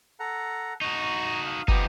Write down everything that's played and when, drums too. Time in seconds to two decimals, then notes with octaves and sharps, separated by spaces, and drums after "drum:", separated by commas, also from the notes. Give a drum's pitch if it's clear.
0.20 A4 F#5 A#5
0.81 D#4 F#4 A#5 C#6
1.46 F5
1.68 F3 B3 D#4 G4, drum: kick